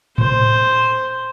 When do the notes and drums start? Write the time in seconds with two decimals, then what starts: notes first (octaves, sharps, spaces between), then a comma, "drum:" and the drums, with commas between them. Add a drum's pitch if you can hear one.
0.18 C5, drum: tom A2